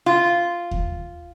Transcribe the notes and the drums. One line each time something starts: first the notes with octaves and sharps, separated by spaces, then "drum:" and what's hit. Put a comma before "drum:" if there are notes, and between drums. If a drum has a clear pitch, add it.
F4
drum: kick D#2